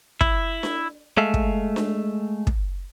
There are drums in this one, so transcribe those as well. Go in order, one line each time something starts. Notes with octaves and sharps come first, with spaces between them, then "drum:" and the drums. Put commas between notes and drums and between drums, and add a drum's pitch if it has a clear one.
E4, drum: kick
drum: snare D4
G#3 A3 E5 F5
drum: kick
drum: snare D4
drum: kick